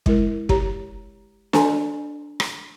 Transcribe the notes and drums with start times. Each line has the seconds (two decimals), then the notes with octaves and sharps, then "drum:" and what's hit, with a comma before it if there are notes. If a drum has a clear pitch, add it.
0.06 G#3 E4 A#4, drum: kick
0.49 G4 C#5 A#5, drum: kick
1.53 D4 A4 C5 G#5 A#5 C6, drum: snare
2.40 drum: rim click